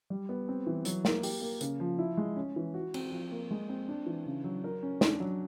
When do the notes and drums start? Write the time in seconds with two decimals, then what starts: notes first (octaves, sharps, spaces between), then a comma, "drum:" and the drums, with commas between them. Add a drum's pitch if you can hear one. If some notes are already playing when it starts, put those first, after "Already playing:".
0.10 G3
0.29 B3
0.49 C4
0.67 E3
0.85 F#3, drum: hi-hat
1.05 A#3, drum: snare
1.23 G4, drum: open hi-hat
1.42 A#3
1.61 C#3, drum: hi-hat
1.80 F3
1.98 E4
2.17 G#3
2.36 C#4
2.56 E3
2.74 F#4
2.94 C4, drum: cymbal
3.12 F3
3.31 A#3
3.51 G#3
3.69 C4
3.88 D4
4.06 E3
4.26 C#3
4.44 F#3
4.64 A#4
4.83 C#4
5.01 D4, drum: snare
5.20 F#3